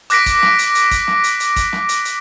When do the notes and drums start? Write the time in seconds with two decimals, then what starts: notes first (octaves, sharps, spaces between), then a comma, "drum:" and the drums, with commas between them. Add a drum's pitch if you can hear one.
0.10 D6 F#6 A#6 B6 D7, drum: hi-hat
0.26 drum: kick, hi-hat
0.43 drum: snare
0.59 drum: hi-hat
0.75 drum: hi-hat
0.91 drum: kick, hi-hat
1.08 drum: snare
1.24 drum: hi-hat
1.40 drum: hi-hat
1.56 drum: kick, hi-hat
1.73 drum: snare
1.89 drum: hi-hat
2.05 drum: hi-hat